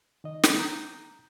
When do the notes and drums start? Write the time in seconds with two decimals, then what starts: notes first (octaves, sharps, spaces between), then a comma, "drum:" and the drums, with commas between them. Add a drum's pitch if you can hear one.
0.24 D#3 D#5
0.43 drum: snare
0.59 A#5 G6